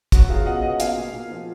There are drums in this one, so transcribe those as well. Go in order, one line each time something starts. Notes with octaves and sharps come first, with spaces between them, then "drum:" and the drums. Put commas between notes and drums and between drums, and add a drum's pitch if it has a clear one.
F#3 F#4, drum: kick, hi-hat
F#3 F4 G#4
B2 D#5 F#5
B2 D#5 F#5
A#2 F5 G#5, drum: hi-hat
A#2
A#2
F3